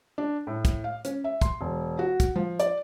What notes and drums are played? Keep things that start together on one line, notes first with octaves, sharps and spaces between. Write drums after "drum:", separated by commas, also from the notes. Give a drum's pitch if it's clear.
D4
A2
drum: kick, hi-hat
F5
C#4, drum: hi-hat
E5
C6, drum: kick, hi-hat
E1
F#4
drum: kick, hi-hat
F3
D5, drum: hi-hat